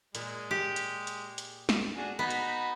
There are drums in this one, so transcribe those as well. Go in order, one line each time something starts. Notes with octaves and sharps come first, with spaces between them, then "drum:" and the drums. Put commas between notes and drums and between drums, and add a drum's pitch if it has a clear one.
A#2 G#3, drum: hi-hat
G4
drum: hi-hat
drum: hi-hat
drum: hi-hat
drum: snare
D4 F#4 G#4
B3 D#4 F#4 B5
drum: hi-hat